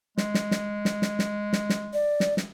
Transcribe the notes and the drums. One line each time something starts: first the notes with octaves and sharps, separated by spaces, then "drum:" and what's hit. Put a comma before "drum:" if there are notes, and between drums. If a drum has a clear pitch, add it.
G#3, drum: snare
drum: snare
drum: snare
drum: snare
drum: snare
drum: snare
drum: snare
drum: snare
D5
drum: snare
drum: snare